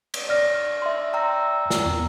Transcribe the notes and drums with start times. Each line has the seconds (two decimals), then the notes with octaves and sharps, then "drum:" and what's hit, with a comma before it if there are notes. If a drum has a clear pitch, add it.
0.14 drum: cymbal
0.29 D5 F6 A#6
0.82 E5 C6
1.13 G5 A#5 E6
1.71 drum: snare
1.86 E2